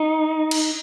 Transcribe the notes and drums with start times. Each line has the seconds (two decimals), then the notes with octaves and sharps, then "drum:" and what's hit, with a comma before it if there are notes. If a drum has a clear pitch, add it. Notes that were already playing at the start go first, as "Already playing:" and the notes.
Already playing: D#4
0.51 drum: cymbal